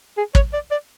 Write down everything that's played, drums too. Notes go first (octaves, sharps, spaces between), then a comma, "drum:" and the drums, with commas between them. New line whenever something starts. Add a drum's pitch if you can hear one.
G#4
C#5, drum: kick
D5
D5